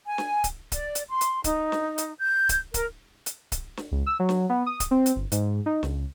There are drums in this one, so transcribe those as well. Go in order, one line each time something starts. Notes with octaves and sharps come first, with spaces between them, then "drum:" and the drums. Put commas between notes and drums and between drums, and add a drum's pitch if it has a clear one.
G#5
drum: snare
drum: kick C#1, hi-hat
D5, drum: kick C#1, hi-hat
drum: hi-hat
C6
drum: hi-hat
D#4, drum: kick C#1, hi-hat
drum: snare
drum: hi-hat
G6
drum: kick C#1, hi-hat
A#4, drum: kick C#1, hi-hat
drum: hi-hat
drum: kick C#1, hi-hat
drum: snare
C#2
E6
F#3
drum: snare
B3
D#6
drum: kick C#1, hi-hat
C4
drum: hi-hat
G1
G#2, drum: hi-hat
D#4
C#2, drum: snare